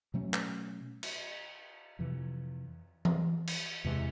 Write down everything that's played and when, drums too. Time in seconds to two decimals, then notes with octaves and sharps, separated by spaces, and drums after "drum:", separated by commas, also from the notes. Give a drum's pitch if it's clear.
0.14 B2 F#3 A3 C#4
0.34 drum: clap
1.03 drum: cymbal
1.99 F2 C3 E3
3.05 drum: tom E3
3.47 drum: cymbal
3.84 E2 C3 E3 G#3